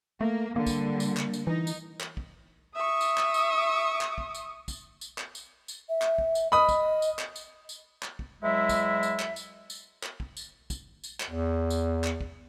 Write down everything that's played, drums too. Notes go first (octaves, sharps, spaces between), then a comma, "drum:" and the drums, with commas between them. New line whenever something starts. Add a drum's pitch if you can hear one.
A3 A#3
D3 G3 A#3
drum: kick, tambourine
drum: tambourine
drum: clap
drum: tambourine
E3 D#4
drum: tambourine
drum: clap
drum: kick
E5 C#6 D#6
drum: tambourine
drum: clap
drum: tambourine
drum: clap
drum: kick
drum: tambourine
drum: kick, tambourine
drum: tambourine
drum: clap
drum: tambourine
drum: tambourine
E5
drum: clap
drum: kick
drum: tambourine
D#5 B5 D#6
drum: kick, tambourine
drum: tambourine
drum: clap
drum: tambourine
drum: tambourine
drum: clap
drum: kick
E2 F#3 G#3 E4 E5
drum: kick, tambourine
drum: tambourine
drum: clap
drum: tambourine
drum: tambourine
drum: clap
drum: kick
drum: tambourine
drum: kick, tambourine
drum: tambourine
drum: clap
E2
drum: tambourine
drum: clap
drum: kick